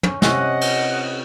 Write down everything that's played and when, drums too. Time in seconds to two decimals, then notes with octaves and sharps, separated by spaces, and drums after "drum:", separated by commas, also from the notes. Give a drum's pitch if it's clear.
0.03 C#4, drum: tom
0.22 C3 C#4 D#5 F#5, drum: snare
0.61 drum: cymbal